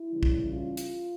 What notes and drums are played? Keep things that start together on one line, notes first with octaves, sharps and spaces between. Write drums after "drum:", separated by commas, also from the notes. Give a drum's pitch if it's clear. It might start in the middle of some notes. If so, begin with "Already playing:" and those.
Already playing: E4
C#3 E3 G3 C#4
drum: kick
F4
drum: hi-hat